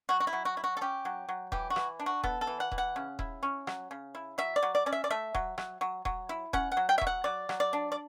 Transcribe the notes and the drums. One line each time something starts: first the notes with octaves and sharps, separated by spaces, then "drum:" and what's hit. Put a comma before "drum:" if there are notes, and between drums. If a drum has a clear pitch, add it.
F#3 F#4
F#4
E4
F#3
F#4
E4
F#4
A4
C#4 G4
F#3
F#3
E3 G4, drum: kick D#1
F#4
E3, drum: rim click
D4
F#4
B3 A4, drum: kick D#1
A4
E3
F#5
E3, drum: kick D#1
F#5
C#3
E4, drum: kick D#1
C#4
F#3, drum: rim click
C#3
E4
F#3 E5
D5
F#3
D5
C#4 D5
E5
D5
A3 E5
F#3, drum: kick D#1
F#3, drum: rim click
F#3
F#3, drum: kick D#1
E4
C#4 F#5, drum: kick D#1
F#5
F#3
G5
E5
F#3, drum: kick D#1
F#5
F#3 D5
F#3, drum: rim click
D5
D4
D5